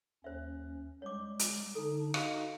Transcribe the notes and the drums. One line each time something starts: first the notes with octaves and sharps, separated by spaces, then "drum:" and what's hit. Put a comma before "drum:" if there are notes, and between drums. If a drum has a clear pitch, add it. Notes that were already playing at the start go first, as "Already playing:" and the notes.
D#2 C#4 C5 E5
G3 G#3 C#5 D6
drum: hi-hat
D3 D4 D#4 A4 A#5
D#4 F#4 D#5 F5, drum: rim click